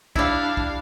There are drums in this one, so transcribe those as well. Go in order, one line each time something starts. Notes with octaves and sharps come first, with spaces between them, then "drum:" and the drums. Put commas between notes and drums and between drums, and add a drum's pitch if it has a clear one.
G3 D4 E4 F5, drum: kick
drum: kick